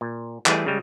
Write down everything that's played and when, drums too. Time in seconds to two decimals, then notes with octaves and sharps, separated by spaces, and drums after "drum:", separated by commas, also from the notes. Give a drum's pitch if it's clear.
0.01 A#2
0.46 E3 G3 A3 G#4, drum: clap
0.66 C#3 G3 G#3